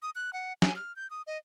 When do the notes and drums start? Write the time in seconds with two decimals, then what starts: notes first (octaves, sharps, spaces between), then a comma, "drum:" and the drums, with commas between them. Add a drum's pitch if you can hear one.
0.02 D#6
0.15 F#6
0.33 F#5
0.62 G#5, drum: snare
0.76 F6
0.96 G6
1.10 D#6
1.27 D#5